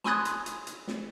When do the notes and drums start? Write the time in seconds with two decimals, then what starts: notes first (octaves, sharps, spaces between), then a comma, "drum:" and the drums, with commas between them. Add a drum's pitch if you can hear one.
0.04 G#5 B5 C6 D#6 F#6 G#6, drum: snare
0.25 drum: hi-hat
0.46 drum: hi-hat
0.67 drum: hi-hat
0.87 drum: snare